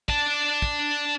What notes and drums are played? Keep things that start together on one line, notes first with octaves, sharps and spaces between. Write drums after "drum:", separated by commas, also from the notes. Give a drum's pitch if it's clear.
D4 A5, drum: kick
drum: kick